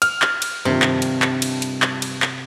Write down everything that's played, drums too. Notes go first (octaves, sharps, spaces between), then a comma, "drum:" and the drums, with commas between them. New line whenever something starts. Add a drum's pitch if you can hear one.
F6, drum: cymbal
drum: clap
drum: cymbal
G2 C3 D#3 F3
drum: clap
drum: cymbal
drum: clap
drum: cymbal
drum: cymbal
drum: clap
drum: cymbal
drum: clap